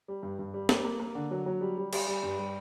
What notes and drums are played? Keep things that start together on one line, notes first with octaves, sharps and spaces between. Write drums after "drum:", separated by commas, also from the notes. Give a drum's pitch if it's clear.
G3
G2
G2
G3
A#3, drum: snare
A#3
A#3
D3
F#3
F#3
G3
G3
G3, drum: cymbal
G3
G2
G3